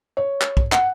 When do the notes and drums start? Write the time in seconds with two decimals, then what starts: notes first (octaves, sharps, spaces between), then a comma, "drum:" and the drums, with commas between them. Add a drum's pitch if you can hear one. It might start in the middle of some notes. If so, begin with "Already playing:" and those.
0.17 C#5
0.41 drum: clap
0.57 drum: kick
0.72 F#5, drum: clap